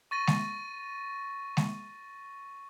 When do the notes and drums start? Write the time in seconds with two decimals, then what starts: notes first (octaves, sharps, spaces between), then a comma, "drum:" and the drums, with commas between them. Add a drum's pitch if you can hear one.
0.11 C#6 A6 A#6 D#7
0.27 drum: snare G#3
1.57 drum: snare G#3